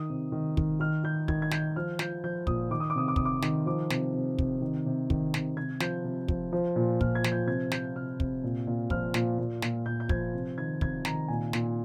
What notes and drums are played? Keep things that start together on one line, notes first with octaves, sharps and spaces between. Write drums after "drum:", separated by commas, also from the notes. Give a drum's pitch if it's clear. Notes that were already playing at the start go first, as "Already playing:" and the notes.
Already playing: D#3 D#6
C3
D#3
D#3, drum: kick
D#3 F6
D#3 G6
D#3 G#6, drum: kick
G#6
D#3 G6, drum: snare
F3 F6
F3 G6, drum: snare
F3 G6
A#2 D#6, drum: kick
D#3 D6
D#6
D6
C3 D#6
D6
C3 D#6, drum: kick
D6
D#3, drum: snare
F3 D6
C3, drum: snare
C3
C3, drum: kick
D#3
C3
D#3, drum: kick
C3, drum: snare
C3 G#6
F3 G6, drum: snare
C3
F3, drum: kick
F3
A#2
A#2 F6, drum: kick
G#6
F3, drum: snare
G6
C3 G#6
F3 G6, drum: snare
C3 F6
C3, drum: kick
A#2
A#2
F3 F6, drum: kick
A#2, drum: snare
A#2
A#2, drum: snare
A#2 G6
G6
F3 G#6, drum: kick
C3
D#3 G#6
C3 G#6, drum: kick
D#3 A#5, drum: snare
A#2 G#5
A#2, drum: snare